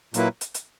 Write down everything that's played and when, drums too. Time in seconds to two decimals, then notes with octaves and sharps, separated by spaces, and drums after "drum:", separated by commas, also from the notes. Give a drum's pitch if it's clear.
0.14 A#2 F#3 A#3 E4 B4, drum: hi-hat
0.41 drum: hi-hat
0.54 drum: hi-hat